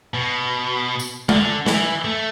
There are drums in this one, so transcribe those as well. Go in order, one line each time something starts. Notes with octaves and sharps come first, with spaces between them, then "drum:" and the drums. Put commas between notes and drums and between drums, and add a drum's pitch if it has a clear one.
B2
drum: tambourine
D3, drum: tom
E3, drum: snare
A3